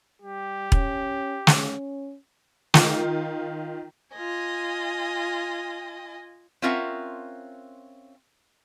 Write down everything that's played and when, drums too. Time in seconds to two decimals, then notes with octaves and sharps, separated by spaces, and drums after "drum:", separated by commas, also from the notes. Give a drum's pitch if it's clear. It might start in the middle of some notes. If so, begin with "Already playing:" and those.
0.22 G3 G4
0.72 C#4, drum: kick E1
1.47 C#4, drum: snare
2.74 D#3 F4, drum: snare
4.13 F4 D#5 G#5
6.62 C4 C#4 F4 A#4 E5 F#5